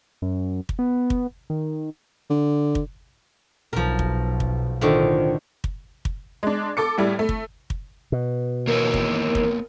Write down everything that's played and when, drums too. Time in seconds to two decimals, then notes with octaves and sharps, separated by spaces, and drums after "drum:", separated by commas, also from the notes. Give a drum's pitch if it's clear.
0.22 F#2
0.69 drum: kick
0.79 B3
1.10 drum: kick
1.50 D#3
2.30 D3
2.75 drum: kick
3.73 B1 F3 A#4
3.99 drum: kick
4.40 drum: kick
4.81 A2 D3 D#3 F4 C5
5.64 drum: kick
6.05 drum: kick
6.43 G#3 D4
6.77 A4 D6 C#7
6.98 A2 G3 E4
7.19 A3
7.29 drum: kick
7.70 drum: kick
8.12 B2
8.67 D#2 E3 A#3 B3 A#4 C#5
8.94 drum: kick
9.35 drum: kick